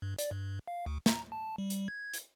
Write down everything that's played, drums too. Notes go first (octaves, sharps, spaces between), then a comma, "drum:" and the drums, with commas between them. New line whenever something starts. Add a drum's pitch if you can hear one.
G2
D5, drum: hi-hat
G2
F5
D2
A#5, drum: snare
A5
G3
drum: hi-hat
G#6
drum: hi-hat